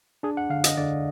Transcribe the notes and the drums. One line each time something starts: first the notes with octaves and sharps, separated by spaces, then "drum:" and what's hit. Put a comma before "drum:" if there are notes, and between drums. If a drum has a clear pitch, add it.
D4 G#4
F#5
D3 F5
D#5, drum: hi-hat
D3 D5